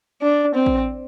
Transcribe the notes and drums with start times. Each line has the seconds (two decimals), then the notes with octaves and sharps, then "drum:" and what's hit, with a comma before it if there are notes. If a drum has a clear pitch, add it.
0.22 D4
0.55 C4
0.66 drum: kick A1